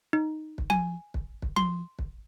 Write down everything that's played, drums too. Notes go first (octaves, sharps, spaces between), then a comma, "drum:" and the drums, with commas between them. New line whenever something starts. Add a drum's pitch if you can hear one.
D#4
drum: kick
G#5, drum: tom F3
drum: kick
drum: kick
C6, drum: tom F3
drum: kick